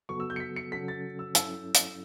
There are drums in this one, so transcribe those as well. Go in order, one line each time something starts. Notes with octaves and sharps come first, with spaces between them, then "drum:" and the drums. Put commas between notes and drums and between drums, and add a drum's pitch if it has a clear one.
C#3 F#3 B3 F#4 A4 C#6
E6
G6
C#7
B6
C#7
C#3 F#3 C#4 F#4 A4 B6
A6
E6
G2 F#3 C#4 E4 A4 E6, drum: hi-hat
drum: hi-hat